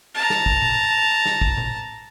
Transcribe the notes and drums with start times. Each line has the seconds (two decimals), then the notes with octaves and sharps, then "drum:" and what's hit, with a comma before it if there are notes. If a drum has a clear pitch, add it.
0.14 A5 A#5
0.30 drum: snare
0.46 drum: kick
0.62 drum: tom A#2
1.26 drum: snare
1.41 drum: kick
1.57 drum: tom A#2